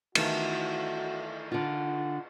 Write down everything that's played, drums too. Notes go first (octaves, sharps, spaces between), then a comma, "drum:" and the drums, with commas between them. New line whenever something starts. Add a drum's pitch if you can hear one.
D#3 E3 A3 E4 F#4 A4, drum: cymbal
D3 F4 F#5